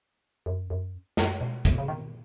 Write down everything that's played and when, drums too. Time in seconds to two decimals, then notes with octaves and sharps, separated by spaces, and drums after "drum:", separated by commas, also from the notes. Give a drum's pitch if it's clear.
0.46 F#2
0.70 F#2
1.17 F#2, drum: snare
1.41 B2
1.65 drum: kick
1.78 C#3
1.88 D#3